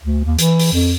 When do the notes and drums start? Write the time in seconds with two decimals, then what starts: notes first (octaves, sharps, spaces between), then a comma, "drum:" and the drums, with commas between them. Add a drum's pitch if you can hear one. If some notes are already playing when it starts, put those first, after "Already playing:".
0.03 D2
0.24 D#2
0.39 E3, drum: hi-hat
0.59 drum: open hi-hat
0.72 F2